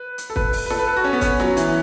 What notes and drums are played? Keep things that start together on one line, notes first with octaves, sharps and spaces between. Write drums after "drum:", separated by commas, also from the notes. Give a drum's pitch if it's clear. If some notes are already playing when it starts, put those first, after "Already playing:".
Already playing: B4
drum: hi-hat
A4
B4, drum: kick
drum: open hi-hat
B4
A4, drum: snare
B4
A4
F#4
C#4
B3
C#4, drum: kick, hi-hat
F#3, drum: snare
E3, drum: hi-hat